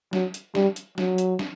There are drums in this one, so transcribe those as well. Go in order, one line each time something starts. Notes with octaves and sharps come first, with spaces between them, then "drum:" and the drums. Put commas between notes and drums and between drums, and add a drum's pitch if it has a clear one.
F#3, drum: snare
drum: hi-hat
G3, drum: snare
drum: hi-hat
F#3, drum: snare
drum: hi-hat
drum: snare